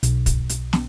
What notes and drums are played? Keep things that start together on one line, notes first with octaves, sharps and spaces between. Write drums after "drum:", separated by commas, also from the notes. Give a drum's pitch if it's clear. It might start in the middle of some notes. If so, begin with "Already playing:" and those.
B1, drum: hi-hat
drum: kick, hi-hat
drum: hi-hat
drum: snare